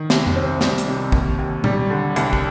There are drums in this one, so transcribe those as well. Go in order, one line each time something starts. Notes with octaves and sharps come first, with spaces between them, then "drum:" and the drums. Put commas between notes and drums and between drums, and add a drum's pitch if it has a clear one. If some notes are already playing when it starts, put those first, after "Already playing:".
Already playing: D#3
C2, drum: snare
drum: tom F2
C4
G3, drum: snare
drum: hi-hat
C3
D#2, drum: kick
D#2
G3, drum: tom A#2
D3
C2, drum: hi-hat
drum: kick